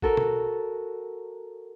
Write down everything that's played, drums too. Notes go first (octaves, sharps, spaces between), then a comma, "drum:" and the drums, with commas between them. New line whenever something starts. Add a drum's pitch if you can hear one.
F#4 A4 A#4, drum: kick A1
drum: tom